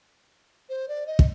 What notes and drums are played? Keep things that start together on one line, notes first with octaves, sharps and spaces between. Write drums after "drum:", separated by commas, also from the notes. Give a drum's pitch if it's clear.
C5
D5
D#5
drum: kick